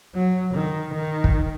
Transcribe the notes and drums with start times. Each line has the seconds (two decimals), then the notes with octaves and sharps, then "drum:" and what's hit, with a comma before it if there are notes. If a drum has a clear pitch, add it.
0.14 F#3
0.54 D#3
0.94 D#3
1.24 drum: kick